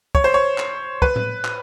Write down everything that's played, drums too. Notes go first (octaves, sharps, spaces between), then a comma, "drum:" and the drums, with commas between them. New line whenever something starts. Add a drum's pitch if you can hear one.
C#5, drum: kick
C5
C#5
drum: clap
B4, drum: kick
drum: tom A2
drum: clap